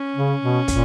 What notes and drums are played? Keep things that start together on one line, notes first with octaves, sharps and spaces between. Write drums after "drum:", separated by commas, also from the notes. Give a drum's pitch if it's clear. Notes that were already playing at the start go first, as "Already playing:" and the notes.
Already playing: C#4
C#3
B2
A#2, drum: kick, hi-hat